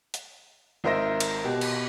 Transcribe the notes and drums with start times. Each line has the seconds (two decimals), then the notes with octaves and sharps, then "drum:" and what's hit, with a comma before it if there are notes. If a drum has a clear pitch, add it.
0.14 drum: hi-hat
0.84 G#1 D#4 A#4 C5 E5 A#6
1.20 drum: cymbal
1.44 B2 G4
1.61 drum: cymbal